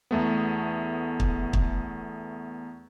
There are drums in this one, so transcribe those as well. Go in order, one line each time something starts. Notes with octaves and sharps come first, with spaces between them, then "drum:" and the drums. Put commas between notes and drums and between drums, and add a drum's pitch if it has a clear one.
E2 A3 B3
drum: kick
drum: kick